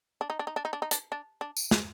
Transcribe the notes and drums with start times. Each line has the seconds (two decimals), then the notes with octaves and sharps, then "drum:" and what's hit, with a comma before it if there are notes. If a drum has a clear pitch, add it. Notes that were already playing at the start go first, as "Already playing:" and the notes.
0.21 D4
0.30 D#4
0.39 D4
0.47 D#4
0.56 D4
0.65 D#4
0.73 D4
0.82 D#4
0.91 D4, drum: hi-hat
1.12 D4
1.41 D4
1.57 drum: tambourine
1.71 G#3, drum: snare